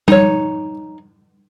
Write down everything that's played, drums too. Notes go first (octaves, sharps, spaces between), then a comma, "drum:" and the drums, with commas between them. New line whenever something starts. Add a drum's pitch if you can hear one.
D#4 C#5, drum: tom G3